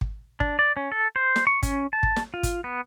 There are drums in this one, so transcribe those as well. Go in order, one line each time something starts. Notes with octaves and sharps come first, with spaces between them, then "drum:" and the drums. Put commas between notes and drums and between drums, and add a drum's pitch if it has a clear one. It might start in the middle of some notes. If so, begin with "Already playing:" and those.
drum: kick
D4, drum: kick
D5
C#4
A4
C5
drum: snare
C#6
C#4, drum: kick, hi-hat
A5
drum: kick
drum: snare
F4
drum: kick, hi-hat
B3